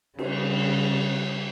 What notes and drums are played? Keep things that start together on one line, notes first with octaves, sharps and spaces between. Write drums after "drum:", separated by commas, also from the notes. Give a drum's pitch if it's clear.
C#3 G3, drum: cymbal